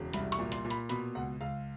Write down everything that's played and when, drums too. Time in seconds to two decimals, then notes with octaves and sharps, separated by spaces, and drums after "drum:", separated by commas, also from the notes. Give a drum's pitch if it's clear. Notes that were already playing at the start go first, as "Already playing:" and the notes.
Already playing: E1 C#3
0.13 C2 B5, drum: hi-hat
0.32 C#6, drum: hi-hat
0.39 A#2
0.52 C6, drum: hi-hat
0.65 A#2
0.70 B5, drum: hi-hat
0.89 B2 B5, drum: hi-hat
1.15 C#2 F#5
1.41 C#2 F5